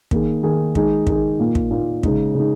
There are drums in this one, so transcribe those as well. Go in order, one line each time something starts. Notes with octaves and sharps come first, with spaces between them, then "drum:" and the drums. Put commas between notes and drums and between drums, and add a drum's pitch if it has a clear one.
D#3 A#3 D#4 G#4, drum: kick
D#3 A#3 D#4 G#4
D#3 G#3 D#4 G#4, drum: kick
D#3 G#3 D#4 G#4, drum: kick
A#2 A#3 D#4
drum: kick
A#2 A#3 D#4
C#3 G#3 D#4, drum: kick
C#3 G#3 D#4